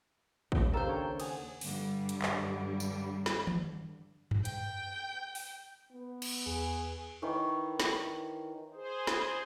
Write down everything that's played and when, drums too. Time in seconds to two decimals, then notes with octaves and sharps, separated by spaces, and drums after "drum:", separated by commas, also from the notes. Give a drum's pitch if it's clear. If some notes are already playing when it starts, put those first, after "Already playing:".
0.52 D#2 C#3, drum: kick
0.73 G4 A4 A#4 C5 C#5 F5
0.88 D4 C#5 G5
1.20 F#5 G#5 D#6, drum: cymbal
1.61 G2 D3 G3, drum: open hi-hat
2.09 drum: hi-hat
2.22 drum: clap
2.80 drum: tambourine
3.26 drum: snare
3.47 drum: tom D#3
4.31 drum: tom F#2
4.45 G5, drum: hi-hat
5.35 drum: open hi-hat
5.92 B3
6.22 drum: cymbal
6.47 E2 G#4
7.22 D#3 E3 C#5
7.80 drum: snare
8.74 G#4 C5
9.07 drum: snare